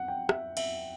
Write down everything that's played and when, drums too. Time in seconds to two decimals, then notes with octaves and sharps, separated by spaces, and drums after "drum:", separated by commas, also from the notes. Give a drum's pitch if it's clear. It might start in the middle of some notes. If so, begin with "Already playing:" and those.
Already playing: F#5
0.08 G5
0.29 E5, drum: rim click
0.57 E5, drum: cymbal